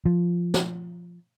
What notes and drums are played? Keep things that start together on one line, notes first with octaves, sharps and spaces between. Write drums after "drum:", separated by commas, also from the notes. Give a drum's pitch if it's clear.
F3
drum: snare